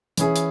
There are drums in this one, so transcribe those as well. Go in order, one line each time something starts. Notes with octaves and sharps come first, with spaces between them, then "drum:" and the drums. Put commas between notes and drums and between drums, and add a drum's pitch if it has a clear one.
E3 C#4 E4 G#4, drum: hi-hat
drum: hi-hat